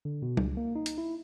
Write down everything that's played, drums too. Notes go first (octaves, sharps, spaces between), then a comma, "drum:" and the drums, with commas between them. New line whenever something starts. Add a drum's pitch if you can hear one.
D3
B2
C#2, drum: tom
A#3
D#4
drum: hi-hat
E4